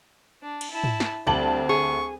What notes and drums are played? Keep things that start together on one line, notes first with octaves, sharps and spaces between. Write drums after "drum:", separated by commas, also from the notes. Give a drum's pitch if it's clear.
D4
drum: cymbal
E4 A5
drum: tom
drum: snare
D2 G3 C4 A5 F#7
G#4 C#6